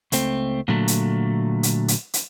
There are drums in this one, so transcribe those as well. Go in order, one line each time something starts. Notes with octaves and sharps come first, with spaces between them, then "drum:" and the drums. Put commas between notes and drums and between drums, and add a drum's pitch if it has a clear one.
C#2 A3 C4, drum: hi-hat
A#2 D3 F#3 A3
drum: hi-hat
drum: hi-hat
drum: hi-hat
drum: hi-hat